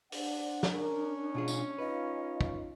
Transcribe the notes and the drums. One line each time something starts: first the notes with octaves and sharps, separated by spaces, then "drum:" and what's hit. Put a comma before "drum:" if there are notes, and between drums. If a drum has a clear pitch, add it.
D4 C5 D5 F#5, drum: open hi-hat
drum: snare
C#4 A#4
G#2 B2 F4 G#4
drum: tambourine
D#4 F4 B4 D#5
drum: kick